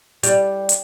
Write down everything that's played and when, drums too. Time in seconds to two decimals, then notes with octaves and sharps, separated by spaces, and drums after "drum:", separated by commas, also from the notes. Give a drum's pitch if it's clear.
0.23 G3, drum: hi-hat
0.69 drum: hi-hat